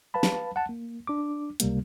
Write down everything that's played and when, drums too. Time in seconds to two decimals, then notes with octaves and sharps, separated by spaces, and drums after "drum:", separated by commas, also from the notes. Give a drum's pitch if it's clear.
0.14 B4 F5 A5 B5
0.23 drum: snare
0.56 F#5 A5
0.69 A#3
1.07 D4 D6
1.60 C#2 C3 G3 A#3, drum: hi-hat